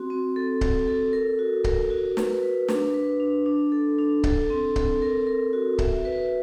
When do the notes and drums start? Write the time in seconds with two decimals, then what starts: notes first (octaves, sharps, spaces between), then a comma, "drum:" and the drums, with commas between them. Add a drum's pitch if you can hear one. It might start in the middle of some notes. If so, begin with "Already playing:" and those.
Already playing: C4 F#4
0.10 C4
0.36 A4
0.61 A4, drum: kick C#1
0.88 A4
1.13 A#4
1.39 F#4
1.64 A#4, drum: kick C#1
1.90 F#4
2.17 B4, drum: snare
2.43 B4
2.68 D4, drum: snare
2.94 B4
3.20 D4
3.46 D4
3.72 A4
3.99 D4
4.24 A4, drum: kick C#1
4.50 C4
4.76 A4, drum: kick C#1
5.02 A#4
5.27 A#4
5.53 F#4
5.79 E5, drum: kick C#1
6.05 B4